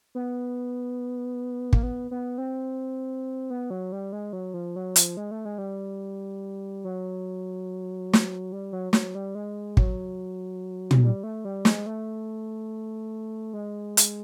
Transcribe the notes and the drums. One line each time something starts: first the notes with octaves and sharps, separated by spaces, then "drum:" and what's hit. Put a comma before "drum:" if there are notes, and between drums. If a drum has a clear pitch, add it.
B3
A#3, drum: kick
B3
B3
C4
B3
F#3
G3
G#3
F#3
F3
F#3
F3, drum: hi-hat
G#3
A3
G#3
G3
F#3
drum: snare
G3
F#3
F#3, drum: snare
G3
G#3
F#3, drum: kick
drum: tom
G3
A3
G3
G#3, drum: snare
A3
G#3
drum: hi-hat